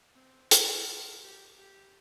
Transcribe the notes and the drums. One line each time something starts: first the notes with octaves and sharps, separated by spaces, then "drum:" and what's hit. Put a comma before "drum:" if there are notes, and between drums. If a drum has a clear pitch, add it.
C4
D4, drum: hi-hat
F4
G4
G4